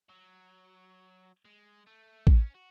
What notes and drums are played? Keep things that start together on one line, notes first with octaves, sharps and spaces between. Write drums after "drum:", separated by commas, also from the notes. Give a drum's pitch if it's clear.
F#3
G#3
A3
C#4, drum: kick A1
F#4